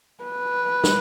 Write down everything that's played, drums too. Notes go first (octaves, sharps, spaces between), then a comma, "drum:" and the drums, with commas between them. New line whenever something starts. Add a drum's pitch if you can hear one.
B4
drum: snare